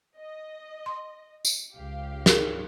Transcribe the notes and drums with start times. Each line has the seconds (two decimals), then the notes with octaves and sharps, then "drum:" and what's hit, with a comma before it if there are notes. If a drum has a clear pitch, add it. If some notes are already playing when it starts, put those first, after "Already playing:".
0.18 D#5
0.86 C6
1.45 drum: tambourine
1.74 C#2 G4 F5
2.26 G#4 A#4, drum: snare